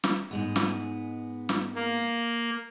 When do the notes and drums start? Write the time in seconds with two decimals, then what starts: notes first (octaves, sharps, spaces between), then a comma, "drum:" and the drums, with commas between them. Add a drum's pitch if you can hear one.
0.04 drum: snare
0.31 G#2 G#3 B3
0.56 drum: snare
1.49 drum: snare
1.75 A#3